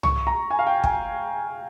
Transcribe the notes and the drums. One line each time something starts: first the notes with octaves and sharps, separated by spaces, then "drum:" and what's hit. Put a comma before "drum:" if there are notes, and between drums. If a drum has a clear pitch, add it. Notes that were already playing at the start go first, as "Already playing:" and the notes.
C#6, drum: tom C2
A#5
G#5
F5
G5
G#5, drum: kick